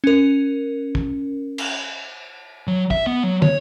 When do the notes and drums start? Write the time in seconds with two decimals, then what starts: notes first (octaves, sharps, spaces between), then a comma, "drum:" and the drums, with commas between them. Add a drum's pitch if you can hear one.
0.04 C#4 A#4
0.95 drum: kick
1.58 drum: cymbal
2.67 F#3
2.91 E5, drum: kick
3.07 B3
3.24 F#3
3.42 C#5, drum: tom